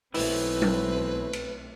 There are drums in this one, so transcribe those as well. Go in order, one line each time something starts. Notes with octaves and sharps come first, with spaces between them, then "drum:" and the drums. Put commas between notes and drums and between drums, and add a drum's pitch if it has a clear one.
B1 E3 A3 C4 E4 B4, drum: open hi-hat
drum: tom F#3
drum: cymbal